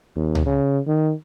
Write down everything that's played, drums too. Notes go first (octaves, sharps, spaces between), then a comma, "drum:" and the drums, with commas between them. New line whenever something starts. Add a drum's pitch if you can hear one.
D#2
drum: tom C#2
C#3
D#3